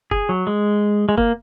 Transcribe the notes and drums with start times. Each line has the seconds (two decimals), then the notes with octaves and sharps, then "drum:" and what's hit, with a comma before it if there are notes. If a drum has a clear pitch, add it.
0.11 G#4, drum: kick
0.29 F#3
0.47 G#3
1.09 G#3
1.18 A#3, drum: kick